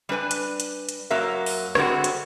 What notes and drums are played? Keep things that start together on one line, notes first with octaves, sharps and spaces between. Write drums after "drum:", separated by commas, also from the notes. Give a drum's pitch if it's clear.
G3 D4 B4 G#5
drum: hi-hat
drum: hi-hat
drum: hi-hat
F#2 F#3 A#3 A#4 E5
drum: open hi-hat
D3 G3 G#3 C4 F#4, drum: rim click
drum: hi-hat